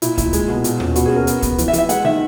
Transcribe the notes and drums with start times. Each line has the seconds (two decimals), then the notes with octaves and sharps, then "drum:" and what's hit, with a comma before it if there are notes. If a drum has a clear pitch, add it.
0.02 A#2 E4, drum: hi-hat
0.18 A#2 E4, drum: kick C#2, hi-hat
0.33 G#3, drum: hi-hat
0.49 B2
0.64 A#2, drum: hi-hat
0.80 C#4, drum: tom D#2
0.96 B2 F#4, drum: hi-hat
1.06 C#4 G#4
1.16 A#4
1.27 B3, drum: hi-hat
1.42 B3, drum: kick C#2, hi-hat
1.58 E3, drum: hi-hat
1.68 E5
1.73 E3, drum: hi-hat
1.79 E5
1.89 G#3 F#5, drum: hi-hat
2.04 D#3 E5